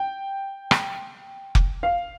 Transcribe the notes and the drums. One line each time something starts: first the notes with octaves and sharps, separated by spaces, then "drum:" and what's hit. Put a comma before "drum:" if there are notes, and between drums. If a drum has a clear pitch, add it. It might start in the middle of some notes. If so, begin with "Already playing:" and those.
Already playing: G5
drum: rim click
drum: kick F1
F5